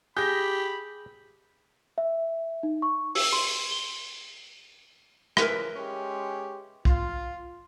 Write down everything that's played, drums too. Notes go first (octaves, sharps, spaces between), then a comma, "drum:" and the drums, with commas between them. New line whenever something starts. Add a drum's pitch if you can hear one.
G4 G#4 B5 G6 A#6
E5
D#4
C#6
E6, drum: open hi-hat
C6
G7
C#3 E3 F3 A#4 B4 E5, drum: rim click
G#3 C#4 G4
F4, drum: kick